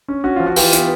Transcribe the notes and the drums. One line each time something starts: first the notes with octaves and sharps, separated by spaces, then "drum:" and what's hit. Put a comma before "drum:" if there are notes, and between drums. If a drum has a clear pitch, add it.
C#4
C#4 F#4
F3 F4
F#4
E3 F4 G4, drum: open hi-hat
B3, drum: hi-hat